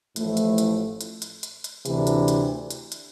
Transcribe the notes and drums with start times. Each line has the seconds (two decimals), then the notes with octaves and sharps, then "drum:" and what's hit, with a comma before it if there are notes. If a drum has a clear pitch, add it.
0.16 A1 A2 F3 A3, drum: hi-hat
0.37 drum: hi-hat
0.58 drum: hi-hat
1.01 drum: hi-hat
1.22 drum: hi-hat
1.43 drum: hi-hat
1.64 drum: hi-hat
1.85 D2 C3 E3 A3 D4, drum: hi-hat
2.07 drum: hi-hat
2.28 drum: hi-hat
2.70 drum: hi-hat
2.92 drum: hi-hat